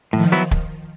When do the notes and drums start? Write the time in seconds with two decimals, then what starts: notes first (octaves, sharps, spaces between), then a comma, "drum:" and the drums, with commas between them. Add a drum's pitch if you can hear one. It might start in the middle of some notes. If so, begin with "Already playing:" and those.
0.13 A2 D#3 F3
0.32 F#3 B3 E4
0.51 drum: kick